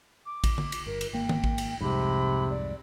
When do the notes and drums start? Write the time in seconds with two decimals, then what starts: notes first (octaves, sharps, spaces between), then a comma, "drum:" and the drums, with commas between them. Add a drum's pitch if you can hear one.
0.26 D6
0.44 drum: kick A1, cymbal
0.58 drum: tom D3
0.72 drum: cymbal
0.87 G1 A#4
1.01 drum: cymbal
1.13 G#1 A#3 G5
1.29 drum: tom D#3
1.44 drum: kick A1
1.58 drum: cymbal
1.81 C2 F2 G#2 C3 B5
2.50 D5